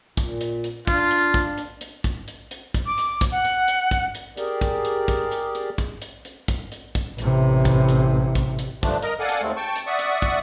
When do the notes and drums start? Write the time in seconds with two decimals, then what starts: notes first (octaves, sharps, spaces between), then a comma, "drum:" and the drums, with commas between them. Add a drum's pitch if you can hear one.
0.17 A#2, drum: kick, hi-hat
0.41 drum: hi-hat
0.64 drum: hi-hat
0.87 D4 F4, drum: kick, hi-hat
1.11 drum: hi-hat
1.34 drum: kick
1.58 drum: hi-hat
1.81 drum: hi-hat
2.04 drum: kick, hi-hat
2.28 drum: hi-hat
2.51 drum: hi-hat
2.74 drum: kick, hi-hat
2.86 D6
2.98 drum: hi-hat
3.21 drum: kick, hi-hat
3.32 F#5
3.45 drum: hi-hat
3.68 drum: hi-hat
3.91 drum: kick, hi-hat
4.15 drum: hi-hat
4.37 G4 G#4 A#4 D5, drum: hi-hat
4.61 drum: kick, hi-hat
4.85 drum: hi-hat
5.08 drum: kick, hi-hat
5.32 drum: hi-hat
5.55 drum: hi-hat
5.78 drum: kick, hi-hat
6.02 drum: hi-hat
6.25 drum: hi-hat
6.48 drum: kick, hi-hat
6.72 drum: hi-hat
6.95 drum: kick, hi-hat
7.18 A1 C3, drum: hi-hat
7.65 drum: kick, hi-hat
7.89 drum: hi-hat
8.35 drum: kick, hi-hat
8.59 drum: hi-hat
8.83 G2 D3 F3 A3 D4, drum: kick, hi-hat
9.02 A#4 D#5 A#5, drum: hi-hat
9.20 A4 D5 F5 F#5 G#5
9.29 drum: hi-hat
9.42 D#2 G#3 A3 C4
9.56 G5 A5 C#6
9.76 drum: hi-hat
9.87 D5 E5 F#5 C#6 D#6
9.99 drum: hi-hat
10.22 drum: kick